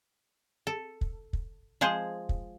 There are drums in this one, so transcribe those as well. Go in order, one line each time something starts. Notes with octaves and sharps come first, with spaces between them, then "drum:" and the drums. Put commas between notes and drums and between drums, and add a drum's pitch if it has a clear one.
A4
drum: kick
drum: kick
F3 G#3 G#4 C5
drum: kick